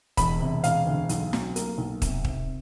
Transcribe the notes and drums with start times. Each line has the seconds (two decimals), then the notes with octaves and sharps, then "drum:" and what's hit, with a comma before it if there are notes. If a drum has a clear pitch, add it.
0.17 E1 B5, drum: kick, hi-hat
0.40 C3
0.64 E1 F5, drum: hi-hat
0.87 D2
1.09 B1, drum: hi-hat
1.33 F#3, drum: snare
1.56 A#3, drum: hi-hat
1.78 B1
2.02 C3, drum: kick, hi-hat
2.25 C3, drum: kick